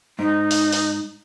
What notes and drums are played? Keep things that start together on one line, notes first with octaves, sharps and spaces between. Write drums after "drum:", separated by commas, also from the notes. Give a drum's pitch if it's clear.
G#2 D#4
drum: open hi-hat
drum: open hi-hat